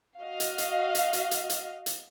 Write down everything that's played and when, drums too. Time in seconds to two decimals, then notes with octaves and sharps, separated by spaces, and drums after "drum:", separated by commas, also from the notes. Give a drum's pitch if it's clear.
0.22 F#4 D#5 F5
0.40 drum: hi-hat
0.58 drum: hi-hat
0.95 drum: hi-hat
1.13 drum: hi-hat
1.31 drum: hi-hat
1.50 drum: hi-hat
1.86 drum: hi-hat